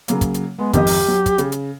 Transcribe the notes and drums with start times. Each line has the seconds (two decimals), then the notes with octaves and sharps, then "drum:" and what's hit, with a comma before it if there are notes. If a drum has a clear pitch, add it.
0.08 C#3 F#3 A#3, drum: hi-hat
0.21 drum: kick, hi-hat
0.34 drum: hi-hat
0.59 G#3 B3
0.73 G#1 F2 G4 D#5, drum: kick, hi-hat
0.87 drum: open hi-hat
1.08 F#3
1.26 drum: kick, hi-hat
1.38 C#3, drum: hi-hat
1.52 drum: hi-hat